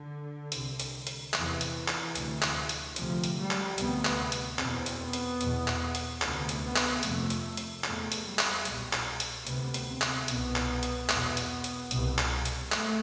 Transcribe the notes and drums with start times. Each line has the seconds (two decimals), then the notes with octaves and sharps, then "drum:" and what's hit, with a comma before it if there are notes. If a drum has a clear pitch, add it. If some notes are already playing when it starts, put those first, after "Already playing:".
Already playing: D3
0.52 C2 C3, drum: hi-hat
0.80 drum: hi-hat
1.07 drum: hi-hat
1.34 E2 C3 E3, drum: clap
1.61 drum: hi-hat
1.88 drum: clap
2.15 D2 C3, drum: hi-hat
2.42 drum: clap
2.69 drum: hi-hat
2.96 D2 C3 F3, drum: hi-hat
3.24 drum: hi-hat
3.37 G3
3.51 drum: clap
3.78 D2 C3 B3, drum: hi-hat
4.05 drum: clap
4.32 drum: hi-hat
4.59 E2 B2 C4, drum: clap
4.86 drum: hi-hat
5.00 B3
5.13 drum: hi-hat
5.41 E2 B2, drum: hi-hat
5.68 drum: clap
5.95 drum: hi-hat
6.22 D2 C3 B3, drum: clap
6.49 drum: hi-hat
6.63 B3
6.76 drum: clap
7.03 F2 C3 A3, drum: hi-hat
7.30 drum: hi-hat
7.57 drum: hi-hat
7.84 E2 C3 A3, drum: clap
8.12 drum: hi-hat
8.25 G3
8.39 drum: clap
8.65 C2 B2 G3, drum: hi-hat
8.93 drum: clap
9.20 drum: hi-hat
9.47 D2 C3 B3, drum: hi-hat
9.74 drum: hi-hat
9.88 C4
10.01 drum: clap
10.28 C2 B2 B3, drum: hi-hat
10.56 drum: clap
10.83 drum: hi-hat
11.09 E2 B2, drum: clap
11.37 drum: hi-hat
11.64 drum: hi-hat
11.91 C2 B2, drum: hi-hat
12.18 drum: clap
12.45 drum: hi-hat
12.72 A3, drum: clap